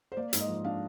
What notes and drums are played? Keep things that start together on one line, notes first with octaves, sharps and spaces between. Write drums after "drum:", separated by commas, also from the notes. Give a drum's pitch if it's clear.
C5
A#3 D5
G#2, drum: hi-hat
D#5
F3
D4 F5